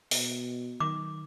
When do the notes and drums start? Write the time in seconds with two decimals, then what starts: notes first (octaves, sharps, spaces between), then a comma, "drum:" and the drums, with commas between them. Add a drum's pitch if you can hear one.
0.11 B2, drum: open hi-hat
0.80 D#3 D6